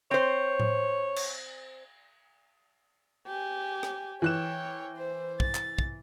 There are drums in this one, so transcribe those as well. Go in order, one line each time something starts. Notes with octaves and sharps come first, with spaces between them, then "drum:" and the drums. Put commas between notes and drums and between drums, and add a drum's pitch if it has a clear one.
C4 C5 C#5
drum: tom A2
drum: cymbal
G4 G#5
drum: rim click
E3 C#5 G5 F#6 E7
C5
A6, drum: kick
drum: clap
drum: kick